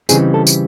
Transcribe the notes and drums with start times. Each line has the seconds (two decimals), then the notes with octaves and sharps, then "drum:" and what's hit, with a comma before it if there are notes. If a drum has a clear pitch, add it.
0.09 C#3 E3 G3 C4 D#4 G#4, drum: tambourine
0.34 A4
0.47 drum: tambourine